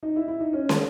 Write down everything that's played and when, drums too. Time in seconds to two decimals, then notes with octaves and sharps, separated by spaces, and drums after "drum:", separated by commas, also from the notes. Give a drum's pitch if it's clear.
0.03 D#4
0.16 E4
0.28 E4
0.40 D#4
0.53 C#4
0.69 drum: snare